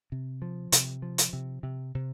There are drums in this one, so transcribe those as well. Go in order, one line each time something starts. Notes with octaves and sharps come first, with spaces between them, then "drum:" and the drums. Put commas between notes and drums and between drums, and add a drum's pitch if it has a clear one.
C3
F3
C3, drum: hi-hat
F3
drum: hi-hat
C3
C3
C3